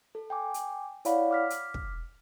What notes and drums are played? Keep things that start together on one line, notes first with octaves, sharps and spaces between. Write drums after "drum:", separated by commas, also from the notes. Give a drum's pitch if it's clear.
A4
G5 G#5 D6
drum: hi-hat
E4 C#5 D5 F5 F#5 B5, drum: hi-hat
D6 F6 B6
drum: hi-hat
drum: kick